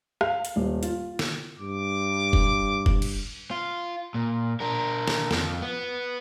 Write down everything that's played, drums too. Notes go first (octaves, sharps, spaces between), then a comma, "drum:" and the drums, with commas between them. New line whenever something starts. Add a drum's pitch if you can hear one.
F5, drum: rim click
drum: hi-hat
D#1
F4, drum: hi-hat
drum: snare
G2 D6
drum: kick F1
drum: kick F1
drum: cymbal
F4
A#2
D4 A#4
drum: snare
F2 F3, drum: snare
B3